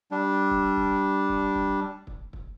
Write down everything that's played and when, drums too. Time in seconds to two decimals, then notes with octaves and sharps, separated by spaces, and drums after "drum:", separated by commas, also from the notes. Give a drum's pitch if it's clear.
0.11 G3 D4
0.50 drum: kick
0.77 drum: kick
1.29 drum: kick
1.55 drum: kick
2.07 drum: kick
2.33 drum: kick